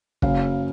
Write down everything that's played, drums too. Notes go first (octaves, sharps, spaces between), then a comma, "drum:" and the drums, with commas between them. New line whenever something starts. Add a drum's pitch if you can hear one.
F#1 F#2 C#3 F5, drum: kick